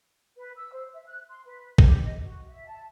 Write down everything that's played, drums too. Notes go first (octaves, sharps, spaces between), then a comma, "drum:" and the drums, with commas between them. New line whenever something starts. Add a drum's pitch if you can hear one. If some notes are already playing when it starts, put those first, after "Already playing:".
B4
E6
C5
E5
F#6
C6
B4
G4, drum: kick B1
D#5
F#4
E5
A5